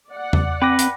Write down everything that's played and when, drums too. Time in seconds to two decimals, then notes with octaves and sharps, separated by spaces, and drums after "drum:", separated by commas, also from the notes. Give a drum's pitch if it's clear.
0.10 D5 F#5
0.33 drum: tom E2
0.62 C4 B4 G5 D6 A#6
0.79 drum: hi-hat